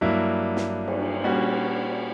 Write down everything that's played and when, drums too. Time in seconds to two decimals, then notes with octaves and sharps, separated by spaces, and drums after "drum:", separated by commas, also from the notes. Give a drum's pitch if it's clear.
0.01 G2 F#3 A#3 E4
0.56 drum: snare
0.88 drum: cymbal
1.24 A#2 G3 C#4 F#4